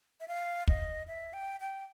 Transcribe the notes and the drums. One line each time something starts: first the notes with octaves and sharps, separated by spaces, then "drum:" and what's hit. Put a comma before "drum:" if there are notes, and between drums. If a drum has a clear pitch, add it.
E5
F5
D#5, drum: kick
E5
G5
G5